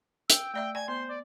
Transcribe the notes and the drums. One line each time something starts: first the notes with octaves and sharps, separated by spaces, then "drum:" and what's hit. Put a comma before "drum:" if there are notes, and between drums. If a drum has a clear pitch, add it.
G5 E6, drum: hi-hat
A3 D5 E5 G5
D5 G5 G#5 G#6
B3 C5 C6
D5